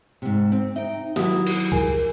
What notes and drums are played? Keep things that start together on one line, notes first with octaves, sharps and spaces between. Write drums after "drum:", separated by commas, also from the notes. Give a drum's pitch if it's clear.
G#2 C3
C4
D#4 E5 G5
D#3 F#3 E4 F#4 G4 D#6, drum: snare
drum: cymbal
G#4 A#4 G#5, drum: kick C2